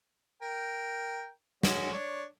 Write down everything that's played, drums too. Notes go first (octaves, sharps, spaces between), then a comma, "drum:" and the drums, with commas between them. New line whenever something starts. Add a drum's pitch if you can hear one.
A#4 G5
G#3 C#4 F#4, drum: snare
D4 C#5